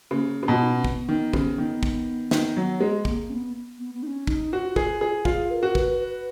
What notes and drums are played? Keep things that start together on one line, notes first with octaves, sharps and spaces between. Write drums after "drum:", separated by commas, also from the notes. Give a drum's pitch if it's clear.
C#3 A#3
C#3
B2 F4
D#4
C#4
B3, drum: kick
D#3
C#3, drum: kick
D#3
drum: kick
D#3, drum: snare
F#3
G#3
B3, drum: kick
A#3
C#4
B3
B3
B3
D#4
C#4
D#4, drum: kick
F4 F#4
G#4, drum: kick
G#4
F4 G#4, drum: kick
B4
A#4
F#4
B4, drum: kick
B4